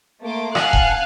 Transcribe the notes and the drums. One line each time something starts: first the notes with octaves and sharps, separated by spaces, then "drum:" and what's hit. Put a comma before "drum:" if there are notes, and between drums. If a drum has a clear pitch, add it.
A3 A#3 C6 D6
F5 F#5 G#5 A5 F6 F#6, drum: rim click
drum: kick E1